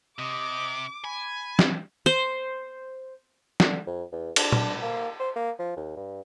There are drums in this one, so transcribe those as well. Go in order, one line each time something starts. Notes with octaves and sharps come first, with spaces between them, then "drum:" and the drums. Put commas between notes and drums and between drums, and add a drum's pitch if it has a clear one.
C3 D#5 D6
G#5 B5
drum: snare
C5
D3, drum: snare
F2
E2
D4, drum: cymbal
drum: tom
A#3
C5
A#3
F3
D#2
G2